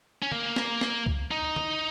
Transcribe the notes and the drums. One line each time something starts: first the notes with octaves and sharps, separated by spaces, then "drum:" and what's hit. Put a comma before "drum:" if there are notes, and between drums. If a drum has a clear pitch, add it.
C#4
A#3, drum: tom
drum: snare
drum: snare
drum: kick C#2
D#4
drum: tom